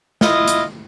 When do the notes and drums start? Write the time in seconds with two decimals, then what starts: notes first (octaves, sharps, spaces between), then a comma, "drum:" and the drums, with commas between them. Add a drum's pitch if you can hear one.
0.21 E4 F4 D#5, drum: snare
0.48 drum: hi-hat